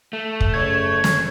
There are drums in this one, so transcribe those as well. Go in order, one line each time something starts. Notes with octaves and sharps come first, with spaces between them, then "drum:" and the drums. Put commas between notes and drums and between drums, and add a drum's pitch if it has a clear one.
A3
drum: kick
F#1 C#5 G#6
drum: snare